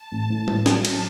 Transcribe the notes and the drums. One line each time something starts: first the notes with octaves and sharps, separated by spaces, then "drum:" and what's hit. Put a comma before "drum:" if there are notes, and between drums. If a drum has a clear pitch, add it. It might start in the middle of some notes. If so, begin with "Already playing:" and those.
Already playing: A5
A1
A2
A1, drum: tom
F#3, drum: snare
drum: cymbal